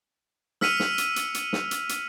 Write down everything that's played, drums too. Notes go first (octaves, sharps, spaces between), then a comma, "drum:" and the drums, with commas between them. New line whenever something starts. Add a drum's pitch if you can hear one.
E6 F6 B6 C#7 D#7 F7, drum: snare
drum: snare
drum: hi-hat
drum: hi-hat
drum: hi-hat
drum: snare
drum: hi-hat
drum: hi-hat